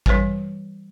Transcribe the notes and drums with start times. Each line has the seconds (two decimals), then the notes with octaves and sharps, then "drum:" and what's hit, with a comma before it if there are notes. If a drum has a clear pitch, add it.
0.06 E3 G3 B4 C5 G#5, drum: kick